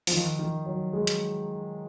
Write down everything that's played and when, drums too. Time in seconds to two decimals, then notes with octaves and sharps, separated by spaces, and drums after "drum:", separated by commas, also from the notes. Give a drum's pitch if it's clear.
0.07 F3, drum: open hi-hat
0.12 D#3
0.39 D#3
0.66 F#3
0.93 G#3
1.07 drum: hi-hat